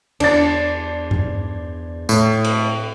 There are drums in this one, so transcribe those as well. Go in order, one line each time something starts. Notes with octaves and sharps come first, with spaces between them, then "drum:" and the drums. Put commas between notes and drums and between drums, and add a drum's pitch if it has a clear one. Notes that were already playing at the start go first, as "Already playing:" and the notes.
E2 D4 D5 A6, drum: cymbal
drum: tom G2
A2, drum: tambourine
drum: cymbal